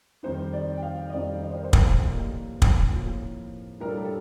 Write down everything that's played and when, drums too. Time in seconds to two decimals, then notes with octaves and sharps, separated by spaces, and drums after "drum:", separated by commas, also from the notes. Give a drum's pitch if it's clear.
0.23 F2 D#3 G3 C4 D#4 C5
0.53 D5
0.77 G5
0.83 F5
1.09 D#5
1.12 F2 D#3 G3 C4 D#4 D5
1.42 D5
1.50 C5
1.58 A#4
1.64 C5
1.73 A#4, drum: kick
2.02 A2 F3 A#3 F4 G4
2.62 drum: kick
2.92 A2 F3 A#3 F4
3.80 A2 G3 D4 F4 A#4
3.89 A4
3.97 G4
4.05 A4